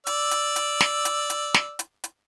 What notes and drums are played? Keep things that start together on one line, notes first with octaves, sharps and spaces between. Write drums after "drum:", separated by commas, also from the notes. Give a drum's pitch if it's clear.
D5 E6, drum: hi-hat
drum: hi-hat
drum: hi-hat
drum: snare
drum: hi-hat
drum: hi-hat
drum: snare
drum: hi-hat
drum: hi-hat